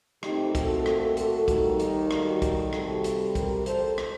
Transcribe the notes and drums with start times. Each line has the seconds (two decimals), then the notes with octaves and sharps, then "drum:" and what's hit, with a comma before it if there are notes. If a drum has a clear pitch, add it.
0.23 A#2 A3 C4 D#4 G4, drum: rim click
0.55 F#4 A4, drum: kick, hi-hat
0.86 drum: rim click
1.17 F#4 A4, drum: hi-hat
1.48 D#2 D#3 G3, drum: kick, hi-hat
1.80 D#4 G4, drum: hi-hat
2.11 F#4 A4, drum: rim click
2.42 drum: kick, hi-hat
2.73 C3 G3 C4 F#4 A4, drum: rim click
3.04 drum: hi-hat
3.35 G4 A#4, drum: kick, hi-hat
3.66 A4 C5, drum: hi-hat
3.98 drum: rim click